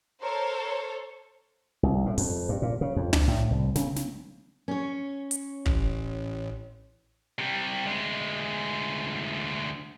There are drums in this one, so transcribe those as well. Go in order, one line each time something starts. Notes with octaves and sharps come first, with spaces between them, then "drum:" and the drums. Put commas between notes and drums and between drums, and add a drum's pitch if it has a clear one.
A4 A#4 C5 C#5
C2
A2
F2, drum: open hi-hat
G2
A#2
C#3
F2
D4, drum: tom
A2
C2
C#3, drum: snare
drum: snare
C#4 C#5
drum: hi-hat
A1, drum: kick
C3 G3
D2 G#3